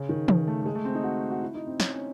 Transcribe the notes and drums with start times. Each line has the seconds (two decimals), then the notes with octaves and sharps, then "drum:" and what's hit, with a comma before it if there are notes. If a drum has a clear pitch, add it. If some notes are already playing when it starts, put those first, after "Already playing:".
Already playing: C#3
0.09 D#3
0.28 C#3, drum: tom
0.47 A3
0.62 A3
0.66 G#3
0.75 A3
0.85 C4
0.95 D#4
1.04 F#4
1.31 F#4
1.42 E4
1.54 D#4
1.67 C4
1.80 C#4, drum: snare
1.93 C#4